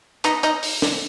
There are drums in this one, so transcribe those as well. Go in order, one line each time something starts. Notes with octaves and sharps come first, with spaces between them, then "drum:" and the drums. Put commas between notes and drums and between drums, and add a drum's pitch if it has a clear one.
B3 D#4 D#5, drum: hi-hat
D#4 D#5, drum: hi-hat
drum: open hi-hat
drum: snare